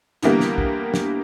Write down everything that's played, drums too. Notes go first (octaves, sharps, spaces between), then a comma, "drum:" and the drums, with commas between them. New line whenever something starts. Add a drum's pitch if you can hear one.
D3 E3 G3 A#3 B3, drum: hi-hat
drum: snare
drum: kick
drum: snare